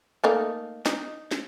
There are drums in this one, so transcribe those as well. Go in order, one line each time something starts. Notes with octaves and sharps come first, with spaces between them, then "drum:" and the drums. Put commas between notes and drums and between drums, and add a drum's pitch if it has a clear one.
A3 A#3 D#4
D#4, drum: snare
drum: snare